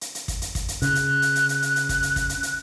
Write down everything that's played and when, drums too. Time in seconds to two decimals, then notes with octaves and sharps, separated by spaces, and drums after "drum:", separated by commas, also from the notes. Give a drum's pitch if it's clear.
0.01 drum: hi-hat
0.15 drum: hi-hat
0.28 drum: kick, hi-hat
0.42 drum: hi-hat
0.55 drum: kick, hi-hat
0.68 drum: hi-hat
0.82 C#3 F#6, drum: hi-hat
0.95 drum: hi-hat
1.22 drum: hi-hat
1.35 drum: hi-hat
1.49 drum: hi-hat
1.62 drum: hi-hat
1.76 drum: hi-hat
1.89 drum: kick, hi-hat
2.03 drum: hi-hat
2.16 drum: kick, hi-hat
2.29 drum: hi-hat
2.43 drum: hi-hat